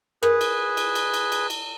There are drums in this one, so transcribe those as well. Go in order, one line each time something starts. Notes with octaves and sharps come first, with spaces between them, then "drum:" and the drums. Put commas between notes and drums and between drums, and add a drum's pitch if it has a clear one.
G#4 A#4 B4, drum: rim click
drum: cymbal
drum: cymbal
drum: cymbal
drum: cymbal
drum: cymbal
drum: cymbal